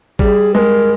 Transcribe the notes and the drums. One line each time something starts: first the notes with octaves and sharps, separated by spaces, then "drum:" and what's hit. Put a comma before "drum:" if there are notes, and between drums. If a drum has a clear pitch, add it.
G3 G#4, drum: kick
G#3 A#4 B4